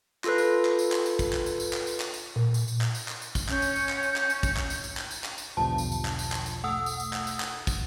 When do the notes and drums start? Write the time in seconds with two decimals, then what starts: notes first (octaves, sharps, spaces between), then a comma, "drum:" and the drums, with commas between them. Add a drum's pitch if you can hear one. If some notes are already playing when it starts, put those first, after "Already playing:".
0.24 F4 A4 B4, drum: clap
0.38 drum: tambourine
0.65 drum: clap
0.79 drum: tambourine
0.92 drum: clap
1.06 drum: tambourine
1.19 drum: kick, tambourine
1.33 drum: clap
1.46 drum: tambourine
1.60 drum: tambourine
1.73 drum: clap
1.87 drum: tambourine
2.00 drum: clap
2.14 drum: tambourine
2.36 A#2
2.54 drum: tambourine
2.68 drum: tambourine
2.81 drum: clap
2.95 drum: tambourine
3.08 drum: clap
3.22 drum: tambourine
3.35 drum: kick, tambourine
3.49 C#4 G6, drum: clap
3.62 drum: tambourine
3.76 drum: tambourine
3.89 drum: clap
4.03 drum: tambourine
4.16 drum: clap
4.30 drum: tambourine
4.43 drum: kick, tambourine
4.57 drum: clap
4.70 drum: tambourine
4.84 drum: tambourine
4.97 drum: clap
5.11 drum: tambourine
5.24 drum: clap
5.38 drum: tambourine
5.57 E1 B1 G2 B2 D3 F3 A5
5.78 drum: tambourine
5.92 drum: tambourine
6.05 drum: clap
6.19 drum: tambourine
6.32 drum: clap
6.46 drum: tambourine
6.64 A3 F#5 D#6 E6
6.86 drum: tambourine
7.00 drum: tambourine
7.13 drum: clap
7.27 drum: tambourine
7.40 drum: clap
7.67 drum: kick, tambourine